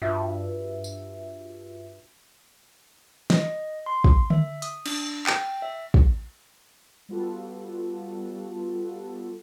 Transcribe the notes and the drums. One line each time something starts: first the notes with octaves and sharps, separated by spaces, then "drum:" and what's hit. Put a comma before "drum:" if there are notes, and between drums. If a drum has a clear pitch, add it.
G2 F4 F#4 E5
drum: tambourine
D#5, drum: snare
C6
drum: kick
E5, drum: tom D3
D#6, drum: hi-hat
D4, drum: cymbal
G5, drum: clap
E5
drum: kick
G3 B3 F4 F#4 A4